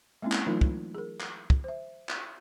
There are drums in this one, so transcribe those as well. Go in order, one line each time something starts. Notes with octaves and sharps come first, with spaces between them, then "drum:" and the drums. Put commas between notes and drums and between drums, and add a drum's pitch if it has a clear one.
G#3 A#3 C4 C#4 E4
drum: clap
E3 F#3 A3 D#4 F4 A#4
drum: kick
G#4 A#4
drum: clap
drum: kick
C5 E5
drum: clap